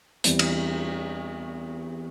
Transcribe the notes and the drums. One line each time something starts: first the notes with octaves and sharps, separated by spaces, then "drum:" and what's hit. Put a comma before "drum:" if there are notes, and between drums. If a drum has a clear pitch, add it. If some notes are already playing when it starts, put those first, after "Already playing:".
E2 E3 G3 C4, drum: hi-hat
drum: cymbal